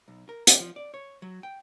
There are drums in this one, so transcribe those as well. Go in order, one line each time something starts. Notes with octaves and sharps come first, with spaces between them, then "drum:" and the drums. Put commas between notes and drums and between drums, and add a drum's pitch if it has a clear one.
B1
A#4
G4, drum: hi-hat
F3
D5
C#5
F#3
G5